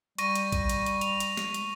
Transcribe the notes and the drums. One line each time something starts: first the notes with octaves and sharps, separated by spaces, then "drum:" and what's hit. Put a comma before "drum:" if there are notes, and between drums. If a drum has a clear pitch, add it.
G3 C#6 A#6 D#7, drum: hi-hat
drum: hi-hat
drum: kick A1, hi-hat
drum: hi-hat
drum: hi-hat
F7, drum: hi-hat
drum: hi-hat
drum: snare
drum: hi-hat